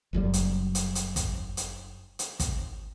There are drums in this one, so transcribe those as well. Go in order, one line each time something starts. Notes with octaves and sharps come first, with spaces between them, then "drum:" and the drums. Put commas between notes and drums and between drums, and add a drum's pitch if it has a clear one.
F#1 F#2 C#3 G3
drum: hi-hat
drum: hi-hat
drum: hi-hat
drum: kick, hi-hat
drum: hi-hat
drum: hi-hat
drum: kick, hi-hat